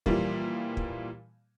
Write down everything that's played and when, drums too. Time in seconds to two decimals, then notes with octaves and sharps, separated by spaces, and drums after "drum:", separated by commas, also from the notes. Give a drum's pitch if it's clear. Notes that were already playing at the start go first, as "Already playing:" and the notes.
0.06 A#2 E3 F3 G3 A#3, drum: kick
0.77 drum: kick